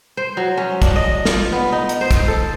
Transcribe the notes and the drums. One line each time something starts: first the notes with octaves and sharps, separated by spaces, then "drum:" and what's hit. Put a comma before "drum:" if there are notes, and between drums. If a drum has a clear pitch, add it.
C5
F#3
C#4
D4, drum: kick, hi-hat
D#5
F4, drum: snare
B3
D#4
drum: hi-hat
C5
drum: kick, hi-hat
A4